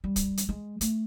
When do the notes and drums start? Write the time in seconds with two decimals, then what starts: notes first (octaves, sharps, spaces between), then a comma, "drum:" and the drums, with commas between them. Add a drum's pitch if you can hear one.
0.04 G3
0.16 drum: kick, hi-hat
0.37 drum: hi-hat
0.49 G#3
0.81 A3, drum: hi-hat